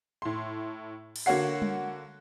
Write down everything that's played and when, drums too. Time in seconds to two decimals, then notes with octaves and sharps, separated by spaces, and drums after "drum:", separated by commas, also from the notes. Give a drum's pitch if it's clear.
0.22 A2 C6
1.16 drum: cymbal
1.26 D3 A#3 F#4 C#5 F#5 C7
1.62 drum: tom G3